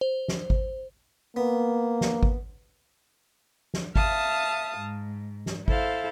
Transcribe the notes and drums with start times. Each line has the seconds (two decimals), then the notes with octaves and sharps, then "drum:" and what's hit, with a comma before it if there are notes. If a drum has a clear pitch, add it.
0.01 C5
0.28 drum: snare
0.50 drum: kick G#1
1.36 A#3 B3
2.01 drum: snare
2.23 drum: kick G#1
3.74 drum: snare
3.96 E5 F5 A5 D#6, drum: kick G#1
4.77 G#2
5.46 drum: snare
5.68 E4 A4 C5 F5, drum: kick G#1